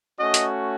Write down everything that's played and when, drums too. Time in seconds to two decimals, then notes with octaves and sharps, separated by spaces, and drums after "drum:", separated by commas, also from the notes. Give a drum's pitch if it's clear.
0.19 A3 C#4 F#4 D#5
0.34 drum: hi-hat